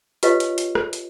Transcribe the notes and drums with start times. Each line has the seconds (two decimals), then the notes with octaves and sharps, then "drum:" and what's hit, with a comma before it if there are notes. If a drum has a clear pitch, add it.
0.23 F4 G4 B4 C#5 D#5 F5, drum: hi-hat
0.40 drum: hi-hat
0.58 drum: hi-hat
0.75 drum: rim click
0.93 drum: hi-hat